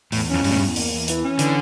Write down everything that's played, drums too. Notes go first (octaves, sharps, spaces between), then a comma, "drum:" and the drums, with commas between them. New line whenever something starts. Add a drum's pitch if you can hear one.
E2 A2, drum: open hi-hat
F2 C#4
E2 G2, drum: open hi-hat
A2
G2
E2
A#3, drum: open hi-hat
E2
E3, drum: hi-hat
C#4
D3 E3, drum: hi-hat